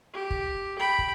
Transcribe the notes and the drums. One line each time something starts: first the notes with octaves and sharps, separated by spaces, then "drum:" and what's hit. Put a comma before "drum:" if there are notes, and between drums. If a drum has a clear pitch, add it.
G4
drum: kick
G5 B5
drum: kick